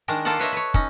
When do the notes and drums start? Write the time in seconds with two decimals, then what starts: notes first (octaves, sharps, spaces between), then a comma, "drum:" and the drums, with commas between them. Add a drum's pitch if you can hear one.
0.08 D#3 G#3 D4 A#4
0.25 A#3 F4 A4 D5 F5 F#5
0.39 B4 C#5 D#5 E5
0.52 B4 C#5
0.74 C#4 D#4, drum: kick